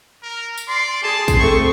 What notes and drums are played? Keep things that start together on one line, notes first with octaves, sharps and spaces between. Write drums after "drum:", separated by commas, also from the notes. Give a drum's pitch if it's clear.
A#4
drum: tambourine
D5 C6
G#4 A5
drum: kick, tambourine
A3 C4 A4 C#6